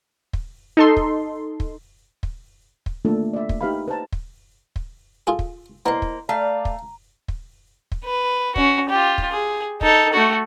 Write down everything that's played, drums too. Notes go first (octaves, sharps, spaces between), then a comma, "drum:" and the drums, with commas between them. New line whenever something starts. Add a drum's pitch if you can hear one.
drum: kick
D#4 A4 C6
drum: kick
drum: kick
drum: kick
drum: kick
A3 A#3 D4 F4 A4
D5 E5
drum: kick
D#4 G4 B4 E5 F5 B5
B4 C5 A5 A#5
drum: kick
drum: kick
F4 G#4 A4
drum: kick
A#3 B3 E4 C5 D#5 A5
drum: kick
A3 D5 F5 A#5
drum: kick
drum: kick
drum: kick
B4
C#4 F#4, drum: kick
F4 G4
drum: kick
G#4
D#4 A4, drum: kick
A3 F#4